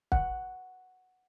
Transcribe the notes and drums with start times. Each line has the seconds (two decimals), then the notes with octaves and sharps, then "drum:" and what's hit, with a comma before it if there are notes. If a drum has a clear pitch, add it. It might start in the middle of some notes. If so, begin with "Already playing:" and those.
0.12 F#5, drum: kick